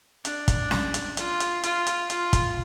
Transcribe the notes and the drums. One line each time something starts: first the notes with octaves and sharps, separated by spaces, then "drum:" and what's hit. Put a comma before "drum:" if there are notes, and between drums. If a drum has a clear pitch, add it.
D4, drum: hi-hat
drum: kick, hi-hat
drum: snare C#4
drum: hi-hat
F4, drum: hi-hat
drum: hi-hat
F4, drum: hi-hat
drum: hi-hat
F4, drum: hi-hat
drum: kick, hi-hat